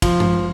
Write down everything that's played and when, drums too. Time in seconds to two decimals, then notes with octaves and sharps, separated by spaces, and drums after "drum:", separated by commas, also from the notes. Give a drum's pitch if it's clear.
0.02 F3, drum: kick, cymbal
0.20 drum: tom